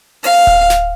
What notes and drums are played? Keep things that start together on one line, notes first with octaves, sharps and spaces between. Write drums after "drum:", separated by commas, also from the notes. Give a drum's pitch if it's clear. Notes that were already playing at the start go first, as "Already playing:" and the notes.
F5, drum: open hi-hat
drum: kick D1
drum: snare